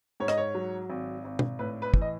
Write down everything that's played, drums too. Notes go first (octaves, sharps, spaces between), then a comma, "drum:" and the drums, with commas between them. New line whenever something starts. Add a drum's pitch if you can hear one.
G#2 C#5
D#5, drum: rim click
C#5
F#3
G#1
G#1
drum: tom
A2 B4
B4
E3, drum: kick
D#5